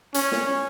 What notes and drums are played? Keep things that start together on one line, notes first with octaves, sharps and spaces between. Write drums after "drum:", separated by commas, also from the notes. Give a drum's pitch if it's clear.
C#4, drum: hi-hat
drum: snare